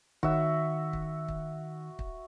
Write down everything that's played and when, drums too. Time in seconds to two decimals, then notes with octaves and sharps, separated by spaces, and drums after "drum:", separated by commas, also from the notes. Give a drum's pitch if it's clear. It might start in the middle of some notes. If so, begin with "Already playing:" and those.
0.23 D#3 F#4 E5, drum: kick
0.93 drum: kick
1.28 drum: kick
1.99 drum: kick